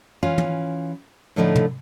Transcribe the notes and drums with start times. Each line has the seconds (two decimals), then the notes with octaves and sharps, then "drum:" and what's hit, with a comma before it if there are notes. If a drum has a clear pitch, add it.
0.23 E3 C#4 F4
0.38 drum: tom
1.36 A2 D3 F3 A3 D#4 E4
1.55 drum: tom